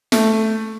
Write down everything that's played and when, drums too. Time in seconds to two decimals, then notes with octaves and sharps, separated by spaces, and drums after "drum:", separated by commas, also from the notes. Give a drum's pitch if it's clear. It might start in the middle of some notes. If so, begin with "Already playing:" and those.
0.12 A3, drum: snare